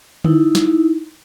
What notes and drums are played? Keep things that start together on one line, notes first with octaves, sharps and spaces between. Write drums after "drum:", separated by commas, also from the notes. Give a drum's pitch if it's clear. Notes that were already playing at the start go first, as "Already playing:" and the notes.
D#4 E4, drum: tom D3
drum: snare